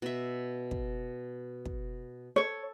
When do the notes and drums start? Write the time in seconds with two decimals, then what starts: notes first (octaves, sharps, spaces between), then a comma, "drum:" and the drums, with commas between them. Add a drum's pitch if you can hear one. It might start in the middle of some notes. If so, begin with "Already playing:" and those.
0.02 B2 E5
0.71 drum: kick
1.65 drum: kick
2.36 A4 C#5 C#6